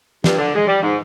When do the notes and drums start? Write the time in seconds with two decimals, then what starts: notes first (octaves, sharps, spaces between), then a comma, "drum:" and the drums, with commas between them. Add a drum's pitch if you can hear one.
0.24 G2, drum: snare
0.39 D3
0.55 G#3
0.67 G3
0.82 G#2